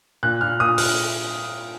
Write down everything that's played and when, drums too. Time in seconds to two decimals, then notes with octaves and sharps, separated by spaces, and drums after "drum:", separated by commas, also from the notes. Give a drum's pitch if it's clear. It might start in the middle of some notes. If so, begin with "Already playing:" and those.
0.23 A#2 F#6
0.41 A#2 F6
0.60 A#2 D#6
0.78 A#2 F6, drum: open hi-hat